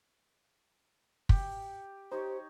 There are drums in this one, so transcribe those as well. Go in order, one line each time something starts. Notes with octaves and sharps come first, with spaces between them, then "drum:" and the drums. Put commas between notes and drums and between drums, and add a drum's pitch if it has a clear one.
G4, drum: kick
D#4 G4 C5 C#5